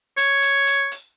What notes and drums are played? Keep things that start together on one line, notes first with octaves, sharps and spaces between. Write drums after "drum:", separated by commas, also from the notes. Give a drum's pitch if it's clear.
C#5, drum: hi-hat
drum: hi-hat
drum: hi-hat
drum: hi-hat